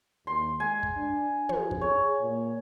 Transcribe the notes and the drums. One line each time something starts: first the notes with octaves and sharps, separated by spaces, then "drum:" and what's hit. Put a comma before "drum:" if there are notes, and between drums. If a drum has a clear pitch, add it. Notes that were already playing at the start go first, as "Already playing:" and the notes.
D#2 C6
G#3 G#5
drum: kick
D4
F3, drum: tom
drum: kick
G#4 C#5
A#2